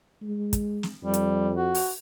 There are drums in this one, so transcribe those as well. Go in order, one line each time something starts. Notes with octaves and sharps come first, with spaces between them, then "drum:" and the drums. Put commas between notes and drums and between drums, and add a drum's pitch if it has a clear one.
G#3
drum: kick, hi-hat
drum: snare
F2 G3
drum: hi-hat
F#4
drum: open hi-hat